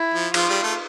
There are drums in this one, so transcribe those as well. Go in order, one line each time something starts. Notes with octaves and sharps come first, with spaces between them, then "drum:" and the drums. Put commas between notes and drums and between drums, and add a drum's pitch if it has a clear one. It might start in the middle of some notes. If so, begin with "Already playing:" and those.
Already playing: E4
F3
F3 F4, drum: cymbal
G3
A3